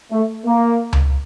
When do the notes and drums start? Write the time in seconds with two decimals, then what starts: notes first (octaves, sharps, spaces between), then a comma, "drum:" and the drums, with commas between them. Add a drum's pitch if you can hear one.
0.11 A3
0.46 A#3
0.93 drum: tom C#2